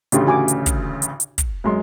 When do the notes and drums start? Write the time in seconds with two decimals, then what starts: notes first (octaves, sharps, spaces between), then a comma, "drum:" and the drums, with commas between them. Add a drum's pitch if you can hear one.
0.12 A1 D2 C#3 D4 G4 C6, drum: hi-hat
0.27 F#4 G#5 D6
0.48 drum: hi-hat
0.66 drum: kick, hi-hat
1.02 drum: hi-hat
1.20 drum: hi-hat
1.38 drum: kick, hi-hat
1.64 F#2 G#3 C6